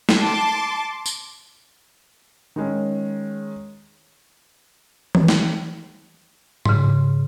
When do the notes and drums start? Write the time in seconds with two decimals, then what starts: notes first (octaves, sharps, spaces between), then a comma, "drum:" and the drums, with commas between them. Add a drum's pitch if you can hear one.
0.09 drum: snare
0.19 A5 C6 D6
1.06 drum: tambourine
2.56 D#3 G#3 C#4
5.15 drum: tom E3
5.28 drum: snare
6.65 G#2 C#3, drum: tom G#2